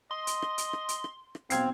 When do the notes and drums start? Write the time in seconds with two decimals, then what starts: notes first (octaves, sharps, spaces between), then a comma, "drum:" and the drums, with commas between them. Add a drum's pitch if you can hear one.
0.11 D#5 C6
0.27 drum: hi-hat
0.42 drum: rim click
0.58 drum: hi-hat
0.73 drum: rim click
0.89 drum: hi-hat
1.04 drum: rim click
1.35 drum: rim click
1.50 B1 C4 F5 G#6 C7, drum: hi-hat